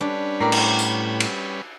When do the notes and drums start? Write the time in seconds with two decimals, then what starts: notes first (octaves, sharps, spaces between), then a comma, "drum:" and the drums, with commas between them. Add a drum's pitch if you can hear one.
0.01 G3 C#4 D4 B4
0.40 A2 A#4 D5 D6
0.52 drum: cymbal
0.79 drum: tambourine
1.20 drum: cymbal